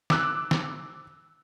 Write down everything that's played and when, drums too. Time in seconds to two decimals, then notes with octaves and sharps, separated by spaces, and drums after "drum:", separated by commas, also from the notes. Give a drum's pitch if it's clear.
0.10 D6 E6 F#6, drum: snare
0.51 drum: snare